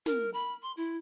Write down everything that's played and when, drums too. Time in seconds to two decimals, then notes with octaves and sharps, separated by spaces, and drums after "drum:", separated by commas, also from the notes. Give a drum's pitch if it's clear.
0.06 A#4, drum: snare
0.34 B5
0.62 C6
0.77 E4